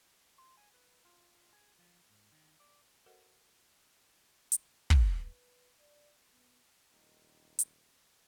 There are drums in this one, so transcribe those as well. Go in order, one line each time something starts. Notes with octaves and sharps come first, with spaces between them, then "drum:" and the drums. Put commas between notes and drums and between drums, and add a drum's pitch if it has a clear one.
C6
G#5
B4
F4
G#4
F3
G#2
D#3
D5
F#4 A4 A#4 C5 D#5 F#5
drum: hi-hat
drum: kick
B4
D5
B3
D#1 A1 D#3
drum: hi-hat